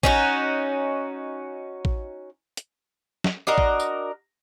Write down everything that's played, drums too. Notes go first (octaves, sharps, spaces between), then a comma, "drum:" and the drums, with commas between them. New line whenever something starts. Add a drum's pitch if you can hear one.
C#4 D#4 F#4, drum: kick
drum: kick
drum: hi-hat
drum: snare
D4 F#4 A#4 D#5
drum: kick
drum: tambourine